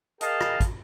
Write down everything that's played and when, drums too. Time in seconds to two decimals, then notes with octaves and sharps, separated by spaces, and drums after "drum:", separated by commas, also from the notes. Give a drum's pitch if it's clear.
0.21 G#4 A#4 D#5 F5 G5 A5, drum: hi-hat
0.41 drum: rim click
0.60 drum: kick, hi-hat